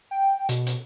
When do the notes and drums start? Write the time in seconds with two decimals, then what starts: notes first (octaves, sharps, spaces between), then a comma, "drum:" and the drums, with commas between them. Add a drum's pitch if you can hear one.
0.11 G5
0.49 B2, drum: hi-hat
0.67 drum: hi-hat